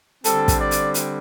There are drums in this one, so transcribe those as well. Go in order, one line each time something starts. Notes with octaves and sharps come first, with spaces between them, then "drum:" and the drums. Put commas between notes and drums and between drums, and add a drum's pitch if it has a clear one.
D3 G3 C4 A4, drum: hi-hat
drum: kick, hi-hat
D5
drum: hi-hat
drum: hi-hat